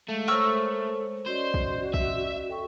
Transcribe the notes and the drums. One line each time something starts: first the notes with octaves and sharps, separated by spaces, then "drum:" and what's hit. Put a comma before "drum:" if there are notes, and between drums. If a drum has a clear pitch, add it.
G#3 A3 F5
G#3 A4 A#4 C5 C#5 C#6 E6
C#4 F#4 C5 D5 D#5
drum: kick
E5, drum: kick
A4 G5 C#6